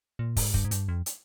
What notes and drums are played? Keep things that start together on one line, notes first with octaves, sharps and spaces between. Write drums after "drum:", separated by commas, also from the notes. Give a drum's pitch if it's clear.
A#2
G#2, drum: kick, open hi-hat
G2, drum: kick
G#2
G2, drum: hi-hat
F2
drum: hi-hat